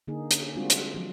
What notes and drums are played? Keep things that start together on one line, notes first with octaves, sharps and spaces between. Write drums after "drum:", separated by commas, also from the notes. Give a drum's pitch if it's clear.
D3 A#3 D#4 G#4
C#4, drum: hi-hat
G3 G#3 C4 D4 F4 F#4
drum: hi-hat
F3 F#3